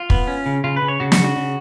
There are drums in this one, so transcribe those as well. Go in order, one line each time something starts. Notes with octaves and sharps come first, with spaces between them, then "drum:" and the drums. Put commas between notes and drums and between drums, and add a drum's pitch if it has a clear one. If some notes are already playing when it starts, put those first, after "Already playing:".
Already playing: F4
B3, drum: kick
C#4
C#3
C#3 F4
B4
C#3
C#5
C#3 F#4
F#4, drum: snare
C#3
F#4
C#3